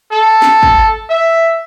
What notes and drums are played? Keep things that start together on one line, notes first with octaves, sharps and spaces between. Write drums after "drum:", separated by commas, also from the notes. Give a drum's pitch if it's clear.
A4
drum: snare
drum: kick
E5